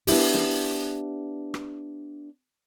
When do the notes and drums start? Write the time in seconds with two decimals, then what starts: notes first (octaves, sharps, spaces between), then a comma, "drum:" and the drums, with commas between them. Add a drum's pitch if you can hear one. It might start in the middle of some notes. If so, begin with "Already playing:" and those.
0.07 B3 D4 E4 G4, drum: open hi-hat
0.34 drum: snare
1.54 drum: rim click